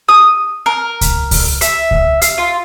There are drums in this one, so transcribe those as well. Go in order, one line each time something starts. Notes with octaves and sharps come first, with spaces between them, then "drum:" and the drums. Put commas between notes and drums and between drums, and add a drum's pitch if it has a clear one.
D#6
A#4
drum: kick C#2, hi-hat
drum: kick C#2, open hi-hat
E5, drum: hi-hat
drum: kick C#2
F5, drum: hi-hat
F4